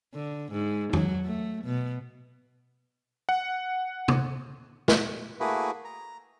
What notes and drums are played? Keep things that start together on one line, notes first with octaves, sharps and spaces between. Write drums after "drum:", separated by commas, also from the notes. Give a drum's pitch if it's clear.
D3
G#2
F#3, drum: tom F2
A3
B2
F#5
drum: tom
drum: snare
A3 A#3 E4 F#4 G#4 B4
A#5